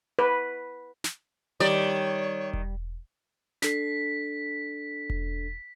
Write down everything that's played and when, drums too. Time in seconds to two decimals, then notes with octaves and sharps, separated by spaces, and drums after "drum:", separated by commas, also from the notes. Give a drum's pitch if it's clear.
0.19 B4
1.04 drum: snare
1.60 D#3 G3 C#5 D5
2.53 drum: kick E1
3.62 D4 A4 B6 C7, drum: snare
5.10 drum: kick E1